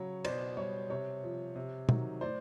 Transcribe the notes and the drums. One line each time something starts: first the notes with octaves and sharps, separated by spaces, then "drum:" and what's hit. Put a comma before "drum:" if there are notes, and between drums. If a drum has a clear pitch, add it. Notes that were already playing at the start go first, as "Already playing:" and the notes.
Already playing: C#3 F#3 C#5
B2 C5 D5, drum: cymbal
G3 C#5
C3 C#5
F3
C3
D#3 F#3, drum: tom
A2 C5 D5